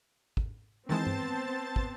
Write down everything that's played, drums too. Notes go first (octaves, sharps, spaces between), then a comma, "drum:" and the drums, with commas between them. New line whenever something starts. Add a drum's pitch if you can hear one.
drum: kick
D#3 E3 G#3 B3 C4 C5 A5 A6
drum: tom G2
drum: kick